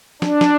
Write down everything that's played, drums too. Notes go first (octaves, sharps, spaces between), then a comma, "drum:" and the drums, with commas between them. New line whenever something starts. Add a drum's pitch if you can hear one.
D4, drum: snare
drum: snare